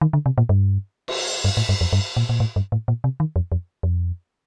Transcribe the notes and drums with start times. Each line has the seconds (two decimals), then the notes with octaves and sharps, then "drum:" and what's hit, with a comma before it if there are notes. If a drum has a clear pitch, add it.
0.01 D#3
0.13 D3
0.26 C3
0.38 A#2
0.49 G2
1.08 drum: cymbal
1.44 G2
1.57 A2
1.69 G2
1.81 F2
1.93 G2
2.17 A#2
2.29 A#2
2.40 A2
2.56 G2
2.72 A2
2.88 A#2
3.04 C3
3.20 D#3
3.36 F2
3.52 F2
3.83 F2